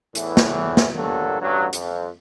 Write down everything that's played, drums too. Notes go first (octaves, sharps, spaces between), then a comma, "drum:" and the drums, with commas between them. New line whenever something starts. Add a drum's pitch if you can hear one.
E2 A2 E3, drum: hi-hat
drum: snare
drum: snare
G2 A#2 F#3 F#4 A4
A1 G2 F#3
F2, drum: hi-hat